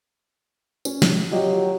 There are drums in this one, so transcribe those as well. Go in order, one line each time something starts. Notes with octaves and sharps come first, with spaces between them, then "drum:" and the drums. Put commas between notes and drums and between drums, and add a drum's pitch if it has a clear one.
C#4, drum: tambourine
drum: snare
F#3 F4 G4 D#5